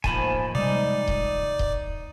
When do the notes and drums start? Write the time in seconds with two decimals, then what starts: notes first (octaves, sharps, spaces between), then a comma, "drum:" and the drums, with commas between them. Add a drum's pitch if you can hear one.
0.04 A1 D#3 F3 A#3 G#5 A5 B5, drum: kick D#1
0.55 C3 G3 G#3 D#4 D5
1.08 drum: kick D#1
1.59 drum: kick D#1